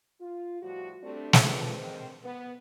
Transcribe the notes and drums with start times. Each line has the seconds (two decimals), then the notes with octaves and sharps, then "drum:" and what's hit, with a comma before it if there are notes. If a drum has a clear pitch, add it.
0.21 F4
0.63 A2 F3 G3 F#4
1.03 G3 A3 C4 D4
1.33 drum: snare
1.42 A3 C4 D4 F4 A4 B4
1.78 D#3 C4 G#4 C5
2.24 B3